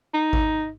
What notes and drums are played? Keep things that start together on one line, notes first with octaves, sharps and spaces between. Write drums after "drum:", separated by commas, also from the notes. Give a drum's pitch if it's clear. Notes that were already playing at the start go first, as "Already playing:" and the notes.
D#4
drum: kick G#1